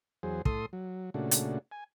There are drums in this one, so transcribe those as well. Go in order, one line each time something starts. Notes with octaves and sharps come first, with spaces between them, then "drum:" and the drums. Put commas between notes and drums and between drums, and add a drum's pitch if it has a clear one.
E2 F#3 G#4 C5
A2 A4 C6 D#6, drum: kick
F#3
A#2 C#3 A3 D4 F#4
drum: hi-hat
G#5